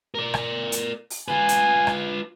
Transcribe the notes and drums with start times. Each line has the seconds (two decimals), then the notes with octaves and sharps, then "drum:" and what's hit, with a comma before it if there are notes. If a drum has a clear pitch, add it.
0.15 A#4 D5
0.34 drum: rim click
0.72 drum: hi-hat
1.10 drum: open hi-hat
1.28 F4 B4 G#5
1.49 drum: hi-hat
1.87 drum: rim click